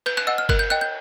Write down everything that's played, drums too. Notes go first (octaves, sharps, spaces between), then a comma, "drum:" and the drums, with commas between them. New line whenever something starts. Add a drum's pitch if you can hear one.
B4 G6, drum: cymbal
F#6, drum: cymbal
D#5 F#5 E6
F6
A#4 F#6, drum: kick G1, cymbal
G6
D#5 G5 F#6
G6